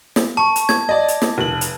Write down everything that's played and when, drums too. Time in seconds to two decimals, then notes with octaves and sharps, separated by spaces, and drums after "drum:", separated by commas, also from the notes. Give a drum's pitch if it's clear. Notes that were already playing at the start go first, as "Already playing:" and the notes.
0.16 drum: snare
0.37 A5 C#6
0.56 drum: hi-hat
0.69 G#6, drum: snare
0.89 D5 D#5
1.08 drum: hi-hat
1.22 drum: snare
1.38 F1 F#7
1.61 drum: hi-hat